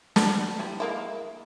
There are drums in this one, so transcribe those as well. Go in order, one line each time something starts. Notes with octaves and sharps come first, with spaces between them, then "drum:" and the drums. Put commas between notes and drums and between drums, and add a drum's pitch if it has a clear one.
A4, drum: snare
E3 G3
G#3 A#3 E4